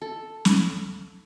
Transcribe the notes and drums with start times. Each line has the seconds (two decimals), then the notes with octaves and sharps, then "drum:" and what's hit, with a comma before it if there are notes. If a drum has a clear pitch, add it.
0.02 A4
0.45 drum: snare